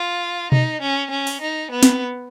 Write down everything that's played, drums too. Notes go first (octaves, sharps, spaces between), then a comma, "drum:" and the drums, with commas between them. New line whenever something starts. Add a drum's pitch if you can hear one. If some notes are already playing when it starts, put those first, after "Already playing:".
Already playing: F4
D#4, drum: tom B2
C#4
C#4
drum: open hi-hat
D#4
B3
drum: snare